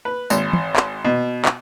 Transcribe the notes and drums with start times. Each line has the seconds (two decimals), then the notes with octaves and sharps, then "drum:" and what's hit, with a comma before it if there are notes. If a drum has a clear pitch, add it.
0.05 B4
0.30 G#1, drum: tambourine
0.53 drum: tom
0.76 drum: clap
1.05 B2
1.45 drum: clap